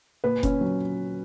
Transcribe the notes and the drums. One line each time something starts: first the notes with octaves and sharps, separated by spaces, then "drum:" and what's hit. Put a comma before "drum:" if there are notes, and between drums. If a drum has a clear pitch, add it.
A#2 B4
C#4, drum: kick F1, hi-hat
F#3